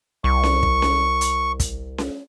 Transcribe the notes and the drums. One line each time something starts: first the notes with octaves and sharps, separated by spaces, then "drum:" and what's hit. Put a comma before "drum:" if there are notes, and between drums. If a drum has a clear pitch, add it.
C2 C#6
drum: snare C#4
drum: kick
drum: snare C#4
drum: hi-hat
drum: kick, hi-hat
drum: snare C#4